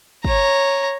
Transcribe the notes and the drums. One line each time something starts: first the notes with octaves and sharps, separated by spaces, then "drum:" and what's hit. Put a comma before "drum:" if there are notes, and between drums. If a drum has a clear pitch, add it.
C#5 A#5, drum: kick